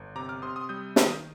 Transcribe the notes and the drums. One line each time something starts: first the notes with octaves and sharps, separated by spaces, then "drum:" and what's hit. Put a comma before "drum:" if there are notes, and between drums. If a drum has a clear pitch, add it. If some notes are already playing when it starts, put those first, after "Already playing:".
Already playing: G1
C3 A#5 D6
D6 F6
C3 C6 D#6
C6 D#6
G3 D#6 G6
D#3, drum: snare